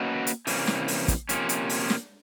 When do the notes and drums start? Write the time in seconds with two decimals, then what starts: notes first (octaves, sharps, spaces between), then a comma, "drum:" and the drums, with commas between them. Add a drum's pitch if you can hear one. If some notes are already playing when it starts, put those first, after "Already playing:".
Already playing: A#3 C#4 F#4 B4 D#5
0.27 drum: hi-hat
0.47 C3 E3 G3 A#3 C#4, drum: open hi-hat
0.67 drum: snare
0.88 drum: open hi-hat
1.08 drum: kick, hi-hat
1.29 C3 F3 A#3 C#4, drum: hi-hat
1.49 drum: hi-hat
1.69 drum: open hi-hat
1.90 drum: snare